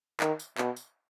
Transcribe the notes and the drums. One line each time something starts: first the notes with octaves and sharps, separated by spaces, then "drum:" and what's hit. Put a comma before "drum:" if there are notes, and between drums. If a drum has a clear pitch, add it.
D#3, drum: clap
drum: tambourine
B2, drum: clap
drum: tambourine